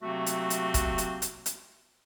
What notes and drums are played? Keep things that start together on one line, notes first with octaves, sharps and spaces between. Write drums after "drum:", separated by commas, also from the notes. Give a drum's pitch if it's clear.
C3 F#3 A3 A#3 C4 F#4
drum: hi-hat
drum: hi-hat
drum: kick, hi-hat
drum: hi-hat
drum: hi-hat
drum: hi-hat